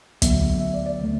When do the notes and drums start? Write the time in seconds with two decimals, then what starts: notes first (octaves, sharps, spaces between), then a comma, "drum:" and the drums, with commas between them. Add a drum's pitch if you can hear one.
0.22 D2 D3 F#3 B3 E5, drum: kick, hi-hat
0.60 E5
0.74 D5
0.86 D5
0.99 D3 A3 D5